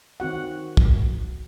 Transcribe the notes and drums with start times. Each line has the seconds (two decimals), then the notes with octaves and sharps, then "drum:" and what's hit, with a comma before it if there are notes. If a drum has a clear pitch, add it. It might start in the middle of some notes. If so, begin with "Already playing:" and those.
0.20 D#3 C4 F#4 F#5
0.77 drum: kick